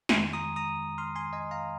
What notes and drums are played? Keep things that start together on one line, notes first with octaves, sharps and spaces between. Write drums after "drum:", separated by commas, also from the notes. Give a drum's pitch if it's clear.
F2 D#3 G#3 G#5 C6, drum: snare
A#5 D#6
A#5 D#6
C6 F6
G#5 C6
D#5 G#5
F5 A#5